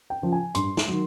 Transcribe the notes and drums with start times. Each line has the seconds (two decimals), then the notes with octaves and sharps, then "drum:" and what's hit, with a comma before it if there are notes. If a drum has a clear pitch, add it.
0.10 G5
0.22 C#3 F3
0.32 G#5
0.55 G2 C6, drum: hi-hat
0.77 drum: snare
0.88 D#3 F#3